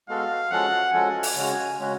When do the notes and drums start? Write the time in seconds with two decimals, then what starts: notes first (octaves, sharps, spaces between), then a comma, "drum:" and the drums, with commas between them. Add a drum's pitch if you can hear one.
0.08 G#3 B3 F#4 A4 F5
0.51 F3 G#3 C#4 F#4 A4 F#5
0.93 F3 G#3 C#4 F#4 A4 G#5
1.23 drum: open hi-hat
1.36 C#3 G#3 C#4 F#4
1.79 C#3 G#3 C#4 F#4